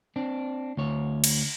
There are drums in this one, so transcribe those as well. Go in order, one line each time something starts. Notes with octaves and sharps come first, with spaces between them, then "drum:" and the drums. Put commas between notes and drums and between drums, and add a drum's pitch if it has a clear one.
C4 D4
D2 C#5
drum: cymbal